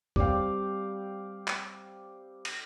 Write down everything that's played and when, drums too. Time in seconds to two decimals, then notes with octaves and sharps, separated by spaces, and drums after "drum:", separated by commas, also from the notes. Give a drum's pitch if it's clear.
0.16 G3 C4 D5 F5 G5, drum: kick
1.47 drum: clap
2.45 drum: cymbal